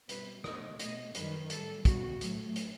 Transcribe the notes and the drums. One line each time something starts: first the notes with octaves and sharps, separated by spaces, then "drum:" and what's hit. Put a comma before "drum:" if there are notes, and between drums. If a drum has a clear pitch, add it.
B2 G3 B4, drum: hi-hat
B2 A3 D#5, drum: rim click
B2 A3 D#5, drum: hi-hat
F#2 D#3 G3 B4, drum: hi-hat
A2 G3 A4, drum: hi-hat
B2 G3 F#4, drum: kick, hi-hat
A2 F#3 A3, drum: hi-hat
drum: hi-hat